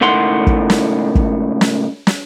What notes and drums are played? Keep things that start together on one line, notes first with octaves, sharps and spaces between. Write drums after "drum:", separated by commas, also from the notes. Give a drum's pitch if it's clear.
C#2 A2 D#3 F#5 C6
drum: kick
drum: snare
drum: kick
drum: snare
drum: snare